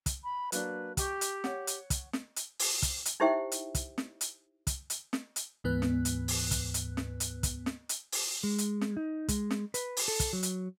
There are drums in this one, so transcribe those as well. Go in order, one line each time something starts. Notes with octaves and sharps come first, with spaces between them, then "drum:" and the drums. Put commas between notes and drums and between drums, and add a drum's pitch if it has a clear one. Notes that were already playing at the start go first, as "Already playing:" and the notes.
drum: kick, hi-hat
B5
F#3 A#3 D4 B4, drum: hi-hat
G4 G5 C#6, drum: kick, hi-hat
drum: hi-hat
C#5 F#5, drum: snare
drum: hi-hat
drum: kick, hi-hat
drum: snare
drum: hi-hat
drum: open hi-hat
drum: kick, hi-hat
drum: hi-hat
D#4 E4 G4 C5 E5 G5
drum: hi-hat
drum: kick, hi-hat
drum: snare
drum: hi-hat
drum: kick, hi-hat
drum: hi-hat
drum: snare
drum: hi-hat
D2 G#2 E3 B3 B4 F#6
drum: snare
drum: hi-hat
drum: open hi-hat
drum: kick, hi-hat
drum: hi-hat
drum: snare
drum: hi-hat
drum: kick, hi-hat
drum: snare
drum: hi-hat
drum: open hi-hat
G#3
drum: hi-hat
drum: snare
D#4
G#3, drum: kick, hi-hat
drum: snare
B4, drum: hi-hat
drum: open hi-hat
A4
drum: kick, hi-hat
F#3
drum: hi-hat